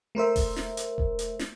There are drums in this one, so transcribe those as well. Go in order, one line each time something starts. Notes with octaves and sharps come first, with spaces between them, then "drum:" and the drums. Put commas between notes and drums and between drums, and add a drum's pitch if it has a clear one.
A3 A#4 C5 E5
drum: kick E1, open hi-hat
drum: snare
drum: hi-hat
drum: kick E1
drum: hi-hat
drum: snare